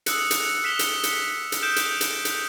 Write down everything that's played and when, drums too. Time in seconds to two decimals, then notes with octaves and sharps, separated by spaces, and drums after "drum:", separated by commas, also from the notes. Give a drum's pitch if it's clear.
0.06 D#6 E6 F#6 C#7, drum: hi-hat
0.31 drum: hi-hat
0.64 F6 B6 C#7 E7 F7 G7
0.79 drum: hi-hat
1.03 drum: hi-hat
1.52 drum: hi-hat
1.62 D#6 F6 G6 D7 E7
1.76 drum: hi-hat
2.01 drum: hi-hat
2.25 drum: hi-hat